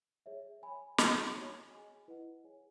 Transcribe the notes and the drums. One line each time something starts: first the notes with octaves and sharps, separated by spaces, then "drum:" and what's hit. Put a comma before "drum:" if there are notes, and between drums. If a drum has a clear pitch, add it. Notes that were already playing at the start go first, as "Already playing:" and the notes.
G#4 C#5 E5
C#5 G#5 B5
D#4 G#4 D#5 F#5 A5, drum: snare
F#4 C#5 G#5 B5
G#4 D#5 G#5
E4 B4 D#5 F#5
G#4 C#5 G#5